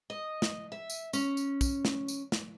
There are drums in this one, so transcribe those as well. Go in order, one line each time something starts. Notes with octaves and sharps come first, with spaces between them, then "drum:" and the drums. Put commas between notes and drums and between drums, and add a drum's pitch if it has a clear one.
D#5
drum: snare
E5
drum: tambourine
C#4, drum: tambourine
drum: tambourine
drum: kick, tambourine
drum: snare
drum: tambourine
drum: snare